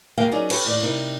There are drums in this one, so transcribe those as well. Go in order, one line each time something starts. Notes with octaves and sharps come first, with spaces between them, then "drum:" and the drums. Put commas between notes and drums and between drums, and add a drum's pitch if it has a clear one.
D#2 B2 G#3 A#3 F5 G5
F#3 C#4 D#4 G#4 A#4 D5
G4 A4 B4 C#5, drum: cymbal
D#2 A2 D5
C3 G3 D#4 A#4